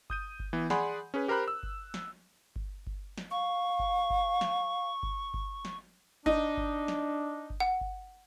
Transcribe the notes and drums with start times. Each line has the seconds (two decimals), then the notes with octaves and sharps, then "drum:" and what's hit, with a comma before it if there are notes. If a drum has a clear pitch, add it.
0.10 D#6 G6 D#7, drum: kick G1
0.39 drum: kick G1
0.53 E3 B3
0.70 G#4 D5 F#5 G#5 B5 C6, drum: snare
1.14 C#4 G#4 B4
1.28 G4 A#4 C5 A#5 B5 F#6
1.48 E6
1.63 drum: kick G1
1.94 drum: snare
2.56 drum: kick G1
2.87 drum: kick G1
3.18 drum: snare
3.31 F5 C#6
3.79 drum: kick G1
4.10 drum: kick G1
4.41 drum: snare
5.03 drum: kick G1
5.34 drum: kick G1
5.65 drum: snare
6.26 D4 D#4, drum: kick G1
6.57 drum: kick G1
6.88 drum: snare
7.50 drum: kick G1
7.60 F#5
7.81 drum: kick G1